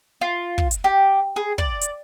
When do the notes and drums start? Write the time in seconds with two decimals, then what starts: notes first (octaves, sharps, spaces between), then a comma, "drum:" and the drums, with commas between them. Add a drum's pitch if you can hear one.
0.21 F4
0.58 drum: kick
0.71 drum: hi-hat
0.84 G4
1.36 G#4
1.58 D5, drum: kick
1.81 drum: hi-hat